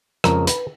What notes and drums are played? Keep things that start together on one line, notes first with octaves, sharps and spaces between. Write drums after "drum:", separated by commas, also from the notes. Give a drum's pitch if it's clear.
F2 C#3 F3 G#3 A#4, drum: rim click
B4, drum: hi-hat